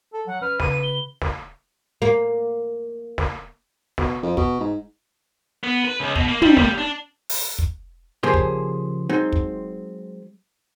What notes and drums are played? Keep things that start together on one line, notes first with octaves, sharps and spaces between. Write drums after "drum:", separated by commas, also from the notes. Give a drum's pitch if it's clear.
A4
F#3 F#5
C#4 B4 F6
C#3 B4 D#7, drum: snare
G7
drum: snare
A#3
drum: snare
B2, drum: snare
F2
B2, drum: kick
G#2
B3
B4
C#2
B2, drum: kick
A#3
G3, drum: tom
G3, drum: snare
D4
drum: open hi-hat
drum: kick
C#3 F3 A#3 G4 G#4 C5
drum: kick
F#3 G#3 C4 D#4
drum: kick